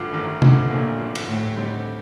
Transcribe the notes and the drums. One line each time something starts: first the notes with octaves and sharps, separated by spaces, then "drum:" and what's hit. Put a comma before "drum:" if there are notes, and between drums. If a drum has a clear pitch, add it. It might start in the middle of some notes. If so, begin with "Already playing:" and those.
Already playing: A1 G2 D3 F3
A1 D#3
G2 D3 F3, drum: tom C3
A1 A#2
G2 D3 F3
drum: cymbal
D2 A2
D3 G3 C4 D#4